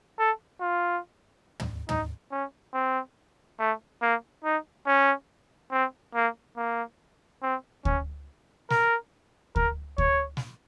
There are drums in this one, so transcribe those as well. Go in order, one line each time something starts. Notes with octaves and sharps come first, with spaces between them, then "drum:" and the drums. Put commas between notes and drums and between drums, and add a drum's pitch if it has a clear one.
A4
F4
drum: tom
D#4, drum: tom
C#4
C4
A3
A#3
D#4
C#4
C4
A#3
A#3
C4
C#4, drum: kick D2
A#4, drum: snare
A#4, drum: kick D2
C#5, drum: kick D2
drum: snare